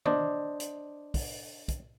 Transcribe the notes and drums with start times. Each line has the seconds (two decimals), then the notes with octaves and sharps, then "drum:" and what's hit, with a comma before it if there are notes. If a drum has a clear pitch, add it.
0.06 D4 C5 D5 D#5, drum: tom
0.60 drum: hi-hat
1.14 drum: kick, open hi-hat
1.68 drum: kick, hi-hat